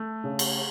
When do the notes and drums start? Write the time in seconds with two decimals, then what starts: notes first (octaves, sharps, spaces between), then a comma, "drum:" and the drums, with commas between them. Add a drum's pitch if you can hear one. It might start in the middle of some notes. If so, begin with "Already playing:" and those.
Already playing: A3
0.24 C#3
0.39 drum: cymbal